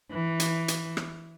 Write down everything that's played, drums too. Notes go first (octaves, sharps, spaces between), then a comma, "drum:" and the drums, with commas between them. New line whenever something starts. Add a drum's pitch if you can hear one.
E3
drum: hi-hat
drum: hi-hat
drum: rim click